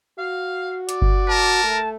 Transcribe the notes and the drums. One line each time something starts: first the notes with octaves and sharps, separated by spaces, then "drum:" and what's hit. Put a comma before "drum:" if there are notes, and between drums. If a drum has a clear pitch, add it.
F#4 F5
D5, drum: hi-hat
drum: kick G1
A#4 A5
A3